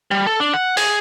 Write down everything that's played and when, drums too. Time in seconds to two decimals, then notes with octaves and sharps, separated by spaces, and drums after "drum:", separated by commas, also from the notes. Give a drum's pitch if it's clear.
0.11 G3
0.27 A4
0.40 D4
0.54 F#5
0.77 G#4, drum: open hi-hat